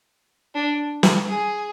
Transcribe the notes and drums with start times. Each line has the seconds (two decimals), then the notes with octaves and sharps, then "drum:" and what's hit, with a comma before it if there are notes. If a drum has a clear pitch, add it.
0.55 D4
1.03 drum: snare
1.27 G#4